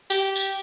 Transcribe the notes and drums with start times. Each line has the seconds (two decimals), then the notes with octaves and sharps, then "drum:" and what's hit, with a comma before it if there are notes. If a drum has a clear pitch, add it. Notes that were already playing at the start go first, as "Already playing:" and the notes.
0.10 G4, drum: tambourine
0.36 drum: tambourine